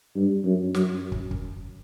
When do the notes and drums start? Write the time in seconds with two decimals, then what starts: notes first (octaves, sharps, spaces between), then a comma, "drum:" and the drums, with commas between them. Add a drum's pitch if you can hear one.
0.15 G2
0.45 F#2
0.74 F#2, drum: snare
1.12 drum: kick
1.31 drum: kick